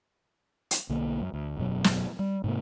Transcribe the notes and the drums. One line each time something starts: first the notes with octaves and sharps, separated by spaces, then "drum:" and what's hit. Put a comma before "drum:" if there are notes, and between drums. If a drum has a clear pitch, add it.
drum: hi-hat
B1 D3 A#3
F#2
D2
E1 F#2 B2 F#3
drum: snare
G3
G#2 C3 A#3